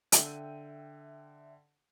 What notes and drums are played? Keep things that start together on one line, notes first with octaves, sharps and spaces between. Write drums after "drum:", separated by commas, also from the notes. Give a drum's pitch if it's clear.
D3 E5 G5 D#7, drum: hi-hat